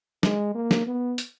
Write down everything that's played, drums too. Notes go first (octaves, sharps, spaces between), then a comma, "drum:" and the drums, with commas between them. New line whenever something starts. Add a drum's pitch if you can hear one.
G#3, drum: snare
A#3
drum: snare
B3
drum: hi-hat